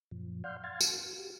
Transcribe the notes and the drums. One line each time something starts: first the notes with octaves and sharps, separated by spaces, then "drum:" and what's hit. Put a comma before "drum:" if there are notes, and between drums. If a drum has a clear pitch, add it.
F#2 A#2 F3
D5 F5 F#5 C6 F6 G6
F5 F#5 C6 F6 G#6 A6
F#4, drum: tambourine
F#4 G4